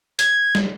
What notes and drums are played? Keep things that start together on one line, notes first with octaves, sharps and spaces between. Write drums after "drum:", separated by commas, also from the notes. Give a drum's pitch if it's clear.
G#6, drum: hi-hat
drum: snare